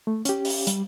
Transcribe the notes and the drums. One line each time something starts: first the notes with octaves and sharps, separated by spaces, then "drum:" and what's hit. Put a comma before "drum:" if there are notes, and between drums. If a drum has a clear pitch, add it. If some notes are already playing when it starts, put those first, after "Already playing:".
A3
C#4 G4, drum: hi-hat
drum: open hi-hat
G3, drum: hi-hat